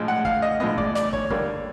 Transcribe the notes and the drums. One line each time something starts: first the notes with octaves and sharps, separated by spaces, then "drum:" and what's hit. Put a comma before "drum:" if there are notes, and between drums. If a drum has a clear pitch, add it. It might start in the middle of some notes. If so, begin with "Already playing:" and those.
Already playing: A2 F3 G#3
F#5
F5, drum: kick
D#5
A2 F3 G#3 B3 D#5
D5, drum: kick
D5, drum: snare
C#5, drum: kick
D3 G3 A#3, drum: kick